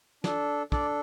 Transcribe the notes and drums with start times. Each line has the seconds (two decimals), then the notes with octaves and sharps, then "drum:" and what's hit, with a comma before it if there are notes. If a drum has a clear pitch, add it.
0.24 D4 A4, drum: snare
0.72 D4 A4 D5, drum: kick